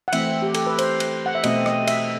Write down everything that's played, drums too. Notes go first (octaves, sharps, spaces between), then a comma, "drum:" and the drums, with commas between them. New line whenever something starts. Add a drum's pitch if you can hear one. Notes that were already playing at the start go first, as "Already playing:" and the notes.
F#5
E3 A3 C4 E5, drum: cymbal
G4
A4, drum: cymbal
B4
C5, drum: cymbal
drum: cymbal
F#5
E5
B2 A3 C4 D#5, drum: cymbal
D#5, drum: rim click
E5, drum: cymbal